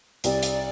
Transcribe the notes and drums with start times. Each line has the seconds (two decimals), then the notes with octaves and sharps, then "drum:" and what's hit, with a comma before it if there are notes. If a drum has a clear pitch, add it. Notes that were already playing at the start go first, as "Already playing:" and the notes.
0.24 C2 D5, drum: hi-hat
0.43 drum: hi-hat